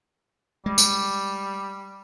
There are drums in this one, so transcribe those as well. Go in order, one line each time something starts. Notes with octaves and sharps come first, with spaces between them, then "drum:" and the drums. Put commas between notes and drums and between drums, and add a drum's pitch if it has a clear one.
G3 G#3
drum: tambourine